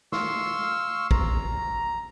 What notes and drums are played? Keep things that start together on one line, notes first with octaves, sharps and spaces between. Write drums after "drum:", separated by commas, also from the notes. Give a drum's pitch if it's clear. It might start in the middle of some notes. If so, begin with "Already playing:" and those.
F5 C6 C#6 E6, drum: snare
A#5, drum: kick